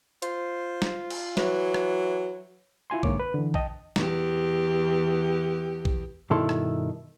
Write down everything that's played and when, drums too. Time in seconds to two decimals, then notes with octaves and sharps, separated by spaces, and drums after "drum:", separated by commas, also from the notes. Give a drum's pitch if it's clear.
0.22 F4 C5, drum: hi-hat
0.82 drum: snare
1.10 drum: cymbal
1.37 E3 F#3, drum: snare
1.74 drum: rim click
2.90 E4 F4 G#5 C6
3.03 G#2 D3 A#3 C#5 D6, drum: kick
3.20 B4
3.34 D3 E3
3.54 D#5 G5 A5, drum: kick
3.96 E2 G4, drum: snare
5.85 drum: kick
6.30 G2 B2 D#3 E4 A4 C6
6.49 drum: rim click